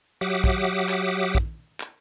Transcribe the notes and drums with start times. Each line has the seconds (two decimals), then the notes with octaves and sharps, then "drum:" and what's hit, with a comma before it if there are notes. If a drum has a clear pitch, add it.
0.21 F#3 G4 E5 F#5 D6 D#6
0.44 drum: kick
0.89 drum: clap
1.35 drum: kick
1.80 drum: clap